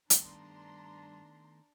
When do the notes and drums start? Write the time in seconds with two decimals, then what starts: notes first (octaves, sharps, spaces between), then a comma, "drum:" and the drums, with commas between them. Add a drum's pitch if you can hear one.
0.10 G2 D#3 A3 B3 D4 A#5 C6, drum: hi-hat